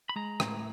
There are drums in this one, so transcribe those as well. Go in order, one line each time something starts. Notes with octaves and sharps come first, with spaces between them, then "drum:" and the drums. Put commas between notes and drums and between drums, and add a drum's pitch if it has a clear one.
B5
G#3 A#5
A2, drum: rim click